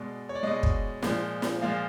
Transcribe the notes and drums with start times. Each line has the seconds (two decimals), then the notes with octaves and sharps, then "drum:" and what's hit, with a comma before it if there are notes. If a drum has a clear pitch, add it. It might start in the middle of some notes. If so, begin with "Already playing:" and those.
Already playing: B2 G#3 D5
0.29 C#5
0.35 D5
0.43 B2 G#3 D#5
0.63 drum: kick
1.02 A#2 F3 G#3, drum: snare
1.42 drum: snare
1.62 A#2 F3 G#3 F5